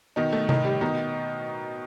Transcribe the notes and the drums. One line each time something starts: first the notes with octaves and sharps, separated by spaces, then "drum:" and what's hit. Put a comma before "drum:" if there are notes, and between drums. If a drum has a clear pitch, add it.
B2 D#3 D#4
A3
A2 D#3 D#4, drum: tom C3
G3
B2 D#3 D#4